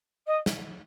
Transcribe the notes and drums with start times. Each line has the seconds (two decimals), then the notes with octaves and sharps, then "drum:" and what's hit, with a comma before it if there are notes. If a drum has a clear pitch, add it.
0.26 D#5
0.46 drum: snare